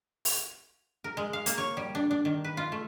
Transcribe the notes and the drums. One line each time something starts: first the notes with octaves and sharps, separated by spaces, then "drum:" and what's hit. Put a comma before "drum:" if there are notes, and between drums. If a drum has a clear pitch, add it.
drum: open hi-hat
A#4
G#3
F5
A#3, drum: hi-hat
C#5
G3
D4
D4
D#3
B4
F4
A3